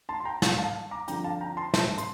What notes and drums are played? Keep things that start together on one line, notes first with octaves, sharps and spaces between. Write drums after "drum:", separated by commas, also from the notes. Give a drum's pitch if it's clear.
A5 C6
C6
G5 A#5
F5 A5, drum: snare
F5 A5
A#5 D6
G2 D3 F3 C4 G5 A#5, drum: hi-hat
F5 A5
G5 A#5
A5 C6
A5 C6, drum: snare
C6, drum: hi-hat